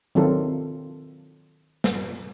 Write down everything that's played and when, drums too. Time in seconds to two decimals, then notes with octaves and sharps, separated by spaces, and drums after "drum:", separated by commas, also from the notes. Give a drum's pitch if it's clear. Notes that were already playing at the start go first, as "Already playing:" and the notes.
0.15 D#3 F#3 C4 F4 A4
1.84 drum: snare